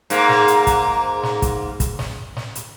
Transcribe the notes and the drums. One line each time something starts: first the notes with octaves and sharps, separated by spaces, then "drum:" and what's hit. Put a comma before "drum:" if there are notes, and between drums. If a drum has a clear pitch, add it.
G#2 A#3, drum: hi-hat
drum: snare
drum: hi-hat
drum: kick, hi-hat
drum: snare
drum: kick, hi-hat
drum: kick, hi-hat
drum: snare
drum: snare
drum: hi-hat